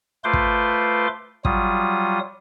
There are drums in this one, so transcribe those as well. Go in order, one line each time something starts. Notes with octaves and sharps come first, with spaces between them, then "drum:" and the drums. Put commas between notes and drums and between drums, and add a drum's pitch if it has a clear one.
A3 F4 B4 C5 C6 D6
drum: kick
F#3 G3 F4 D#6, drum: kick